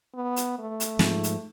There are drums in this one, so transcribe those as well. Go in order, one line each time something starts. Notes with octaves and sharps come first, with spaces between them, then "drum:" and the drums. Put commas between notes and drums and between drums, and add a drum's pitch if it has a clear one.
B3
drum: hi-hat
A3
drum: hi-hat
G#2 F3, drum: snare
drum: hi-hat